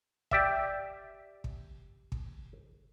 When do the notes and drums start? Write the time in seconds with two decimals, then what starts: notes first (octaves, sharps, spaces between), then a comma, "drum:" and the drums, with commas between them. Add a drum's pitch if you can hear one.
0.31 G4 D5 E5, drum: kick
1.44 drum: kick
2.12 drum: kick